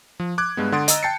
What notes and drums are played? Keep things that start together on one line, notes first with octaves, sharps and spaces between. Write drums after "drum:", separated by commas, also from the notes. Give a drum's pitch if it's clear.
F3
D6 F#6 G#6
G2 G#3 B3
D3 F#5 C6 D#6 A6 D7
D#5 A#5 E6, drum: hi-hat
G5 A5 A6 C7 C#7